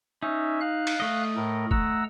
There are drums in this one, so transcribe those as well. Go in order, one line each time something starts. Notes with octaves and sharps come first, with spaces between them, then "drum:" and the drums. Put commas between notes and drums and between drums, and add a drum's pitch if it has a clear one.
C#4 D#4 E5
F5 F#6
drum: cymbal
A3 D#5
A2 A#4
F#5 A#5 E6, drum: kick